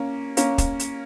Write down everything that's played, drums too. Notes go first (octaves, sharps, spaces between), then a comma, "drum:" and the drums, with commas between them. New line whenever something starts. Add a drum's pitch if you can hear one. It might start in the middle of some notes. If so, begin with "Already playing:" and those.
Already playing: A#3 C#4
A#3 C#4, drum: hi-hat
drum: kick, hi-hat
drum: hi-hat